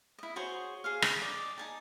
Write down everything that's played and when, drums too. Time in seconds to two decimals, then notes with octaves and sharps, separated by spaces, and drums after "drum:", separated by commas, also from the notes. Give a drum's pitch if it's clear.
0.18 E4 D#5
0.36 F#4 G#4 C5 C#5
0.84 G#4 C5 F5
1.02 G#5, drum: rim click
1.22 D5 D#5
1.58 D#4 G#5 A5